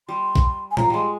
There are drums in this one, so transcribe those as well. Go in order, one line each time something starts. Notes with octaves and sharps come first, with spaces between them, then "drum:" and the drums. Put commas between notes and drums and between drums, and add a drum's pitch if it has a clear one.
G3 C6
drum: kick A#1
G#5
F3 A#5, drum: tom A2
G3 G#3 C6